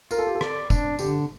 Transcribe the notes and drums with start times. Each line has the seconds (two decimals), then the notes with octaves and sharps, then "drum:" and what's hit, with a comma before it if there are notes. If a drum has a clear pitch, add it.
0.11 F4 A#4, drum: tambourine
0.19 A4
0.27 G4
0.35 A4
0.41 D5, drum: rim click
0.70 D4, drum: kick, tambourine
0.99 D3 G4, drum: tambourine